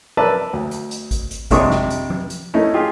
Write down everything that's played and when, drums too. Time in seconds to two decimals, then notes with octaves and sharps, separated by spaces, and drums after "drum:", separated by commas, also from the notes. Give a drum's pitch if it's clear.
0.17 A#4 B4 D5 E5 A5
0.53 D2
0.71 drum: hi-hat
0.91 drum: hi-hat
1.11 drum: kick A1, hi-hat
1.31 drum: hi-hat
1.51 F2 C3 G#3 D4 C#6 D#6, drum: kick A1, hi-hat
1.70 drum: snare
1.90 drum: hi-hat
2.10 drum: tom F3
2.30 drum: hi-hat
2.54 A3 C#4 D#4 E4
2.74 F4 G4 G#4